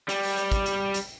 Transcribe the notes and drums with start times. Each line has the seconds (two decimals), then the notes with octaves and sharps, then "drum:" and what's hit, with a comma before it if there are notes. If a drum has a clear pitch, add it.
0.09 G3, drum: hi-hat
0.23 drum: open hi-hat
0.37 drum: hi-hat
0.52 drum: kick, hi-hat
0.66 drum: hi-hat
0.94 drum: hi-hat